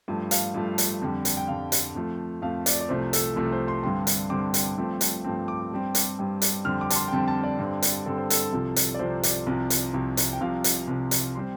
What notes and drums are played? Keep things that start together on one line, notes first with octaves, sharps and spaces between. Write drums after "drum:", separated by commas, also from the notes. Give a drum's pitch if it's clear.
G2 F3 A3
F5, drum: hi-hat
G2 F3 A3
drum: hi-hat
F2 D3 G3
drum: hi-hat
G5
F2 D3 G3 F5
drum: hi-hat
F2 F3 A3
F2 F3 A3 F5
D5, drum: hi-hat
D5
C2 C3 F3 A3 C5
A4, drum: hi-hat
C2 C3 F3 A3 A4
C5
C6
G2 D3 G3 C4 C6
drum: hi-hat
G2 D3 G3 C4 D6
drum: hi-hat
G2 F3 A3 C4
drum: hi-hat
G2 F3 A3 C4
D6
G2 G3 C4
drum: hi-hat
G2 G3 C4
drum: hi-hat
F2 D3 G3 C4 F6
D6
A5, drum: hi-hat
C6
G5
F2 D3 G3 C4 A5
A5
D5
G2 D3 G3 C4
drum: hi-hat
G2 D3 G3 C4 A4
C5
A4, drum: hi-hat
C2 C3 F3
drum: hi-hat
D5
C2 C3 F3 C5
D5, drum: hi-hat
C2 C3 F3
drum: hi-hat
C2 C3 F3
drum: hi-hat
G5
C2 C3 F3 F5
drum: hi-hat
C2 C3 F3
drum: hi-hat
G3 C4 C6